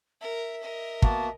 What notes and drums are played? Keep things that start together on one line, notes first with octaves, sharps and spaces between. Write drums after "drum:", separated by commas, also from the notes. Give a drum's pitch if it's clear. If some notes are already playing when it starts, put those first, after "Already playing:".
A#4 E5
A#4 D#5
A#3 B3 F#4 A5, drum: kick